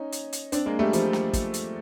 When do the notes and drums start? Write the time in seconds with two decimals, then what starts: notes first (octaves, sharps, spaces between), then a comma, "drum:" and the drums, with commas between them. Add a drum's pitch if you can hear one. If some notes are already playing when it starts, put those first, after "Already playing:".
Already playing: C#4 D#4
0.12 drum: hi-hat
0.33 drum: hi-hat
0.52 C4 D4, drum: hi-hat
0.66 G#3 A#3
0.79 G3 A3
0.93 F3 G3, drum: hi-hat
1.13 drum: snare
1.33 drum: kick, hi-hat
1.54 drum: hi-hat